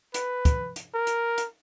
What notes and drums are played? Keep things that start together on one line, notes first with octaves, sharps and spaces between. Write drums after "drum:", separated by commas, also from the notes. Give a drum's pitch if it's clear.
B4, drum: hi-hat
drum: kick, hi-hat
drum: hi-hat
A#4
drum: hi-hat
drum: hi-hat